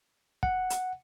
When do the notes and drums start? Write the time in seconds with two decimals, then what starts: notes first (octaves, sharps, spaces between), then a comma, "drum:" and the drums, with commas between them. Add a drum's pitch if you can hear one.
0.43 F#5, drum: kick
0.70 drum: hi-hat